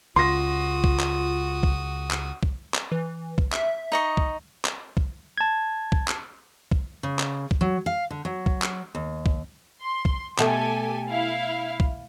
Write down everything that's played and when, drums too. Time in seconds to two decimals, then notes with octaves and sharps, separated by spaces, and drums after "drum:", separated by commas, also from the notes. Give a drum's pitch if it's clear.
0.16 C#2 F4 F#4 C6 D#6 A#6
0.84 drum: kick C2
1.00 drum: clap
1.63 drum: kick C2
2.11 drum: clap
2.43 drum: kick C2
2.74 drum: clap
2.92 E3
3.38 drum: kick C2
3.53 E5, drum: clap
3.92 D#4 D#5 C#6
4.17 drum: kick C2
4.65 drum: clap
4.97 drum: kick C2
5.38 A5 G#6
5.92 drum: kick C2
6.08 drum: clap
6.71 drum: kick C2
7.03 C#3
7.19 drum: clap
7.51 drum: kick C2
7.61 F#3
7.86 F5
8.10 D3
8.25 F#3
8.46 drum: kick C2
8.62 drum: clap
8.95 D#2
9.26 drum: kick C2
9.81 C6
10.05 drum: kick C2
10.39 B2 A3 G4 A4 G#5, drum: clap
11.08 E4 F5
11.80 drum: kick C2